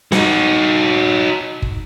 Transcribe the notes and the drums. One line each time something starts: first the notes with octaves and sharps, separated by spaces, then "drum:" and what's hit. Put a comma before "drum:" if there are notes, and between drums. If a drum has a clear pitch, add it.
D#4 F#4, drum: snare
drum: kick G1